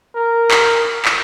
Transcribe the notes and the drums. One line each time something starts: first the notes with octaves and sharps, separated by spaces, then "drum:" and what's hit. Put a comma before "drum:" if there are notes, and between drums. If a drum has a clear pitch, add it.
A#4
drum: clap
drum: clap